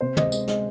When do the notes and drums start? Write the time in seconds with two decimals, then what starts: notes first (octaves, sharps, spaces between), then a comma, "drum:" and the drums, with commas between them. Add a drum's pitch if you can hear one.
0.01 C3 C5
0.17 G#3 D#5, drum: tom
0.32 G#3 D#5, drum: tambourine
0.48 G#3 D#5, drum: snare